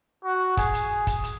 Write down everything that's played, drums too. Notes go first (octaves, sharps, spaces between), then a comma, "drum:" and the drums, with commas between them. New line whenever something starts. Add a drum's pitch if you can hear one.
F#4
G#4, drum: kick, hi-hat
drum: hi-hat
drum: kick, hi-hat
drum: hi-hat